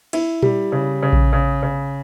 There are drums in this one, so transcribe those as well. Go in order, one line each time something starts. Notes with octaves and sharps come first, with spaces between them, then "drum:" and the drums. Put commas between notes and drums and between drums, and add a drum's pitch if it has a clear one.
E4, drum: cymbal
G3, drum: tom A#2
C#3
C#3
drum: kick A#1
C#3
C#3